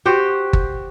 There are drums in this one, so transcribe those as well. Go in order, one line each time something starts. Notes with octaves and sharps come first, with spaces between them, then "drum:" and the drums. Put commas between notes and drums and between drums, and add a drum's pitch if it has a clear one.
F#4 G4 C5
drum: kick G1